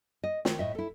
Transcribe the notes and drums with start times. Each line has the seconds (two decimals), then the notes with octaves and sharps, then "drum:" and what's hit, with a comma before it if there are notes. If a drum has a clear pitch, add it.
0.24 D#5
0.45 D#3, drum: snare
0.59 A2 D#5 E5
0.75 E4 A4